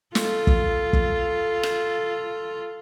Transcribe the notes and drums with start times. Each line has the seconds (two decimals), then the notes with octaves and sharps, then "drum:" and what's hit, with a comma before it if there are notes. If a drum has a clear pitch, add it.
0.15 F4 A4, drum: snare
0.47 drum: kick
0.93 drum: kick
1.63 drum: rim click